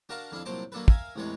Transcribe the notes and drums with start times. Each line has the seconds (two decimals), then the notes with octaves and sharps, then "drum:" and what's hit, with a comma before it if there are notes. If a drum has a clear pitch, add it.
0.09 D4 F#4 A#4 F5 A5 A#5
0.31 F2 D4 E4 F5
0.45 C2 A#2 F#3 C5 A5 D6
0.72 F#3 A#3 D4 A4 B4
0.88 A#4 E5 F5 G#5, drum: kick
1.16 A1 E2 C3 G#3 B4 C#5